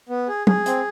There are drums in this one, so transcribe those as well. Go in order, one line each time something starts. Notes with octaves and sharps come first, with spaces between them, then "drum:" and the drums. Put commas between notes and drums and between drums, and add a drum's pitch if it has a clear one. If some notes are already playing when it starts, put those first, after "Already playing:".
B3
G#4
G#4, drum: tom
C4, drum: hi-hat